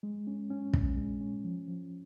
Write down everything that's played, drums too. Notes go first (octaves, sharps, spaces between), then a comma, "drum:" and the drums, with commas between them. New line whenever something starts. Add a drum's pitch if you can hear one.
G#3
C#4
C#4
A#2, drum: kick
G#3
C#4
F3
F3